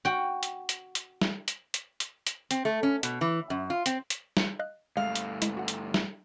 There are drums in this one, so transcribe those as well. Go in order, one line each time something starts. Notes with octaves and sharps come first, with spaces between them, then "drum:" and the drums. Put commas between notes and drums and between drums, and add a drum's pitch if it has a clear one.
F#4 G5
drum: hi-hat
drum: hi-hat
drum: hi-hat
drum: snare
drum: hi-hat
drum: hi-hat
drum: hi-hat
drum: hi-hat
C4, drum: hi-hat
A3
C#4
B2, drum: hi-hat
E3
F#2
F4
C4, drum: hi-hat
drum: hi-hat
drum: snare
D#5 F5 F#6
G2 G#3 A3 D#5 F5
drum: hi-hat
G#3 E4, drum: hi-hat
F#4 F#5
drum: hi-hat
drum: snare